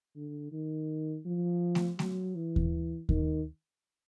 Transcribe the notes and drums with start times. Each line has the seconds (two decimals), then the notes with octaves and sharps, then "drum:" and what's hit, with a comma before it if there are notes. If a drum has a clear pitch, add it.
0.16 D3
0.52 D#3
1.25 F3
1.75 drum: snare A3
1.99 F#3, drum: snare A3
2.35 E3
2.56 drum: kick D#2
3.09 D#3, drum: kick D#2